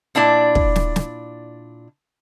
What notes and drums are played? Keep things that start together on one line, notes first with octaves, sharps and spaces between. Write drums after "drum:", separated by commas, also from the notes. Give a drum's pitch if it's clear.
A#2 D4 E4 D5
drum: kick
drum: snare
drum: snare